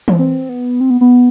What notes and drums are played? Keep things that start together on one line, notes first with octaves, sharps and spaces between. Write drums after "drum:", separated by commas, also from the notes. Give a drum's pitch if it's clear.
drum: tom E3
C4
B3
C4
B3
B3